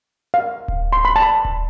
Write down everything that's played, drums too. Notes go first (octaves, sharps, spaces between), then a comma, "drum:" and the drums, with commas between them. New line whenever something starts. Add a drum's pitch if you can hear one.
F5
drum: kick D1
C6
B5
A5
B5
drum: kick D1